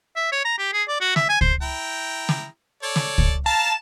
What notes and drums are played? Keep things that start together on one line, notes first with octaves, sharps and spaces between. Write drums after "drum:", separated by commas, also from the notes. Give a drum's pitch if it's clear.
E5
C#5
A#5
G4
G#4
D5
F#4
E5, drum: snare
G#5
C5, drum: kick
E4 G5 A#5
drum: snare
A4 C#5 D5
drum: snare
drum: kick
F5 A5 A#5